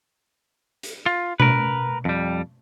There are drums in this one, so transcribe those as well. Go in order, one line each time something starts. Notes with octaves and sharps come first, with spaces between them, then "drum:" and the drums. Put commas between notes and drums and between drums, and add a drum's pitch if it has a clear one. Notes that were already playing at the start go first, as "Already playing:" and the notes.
drum: hi-hat
F4
A#4 B4, drum: tom B2
F2 G3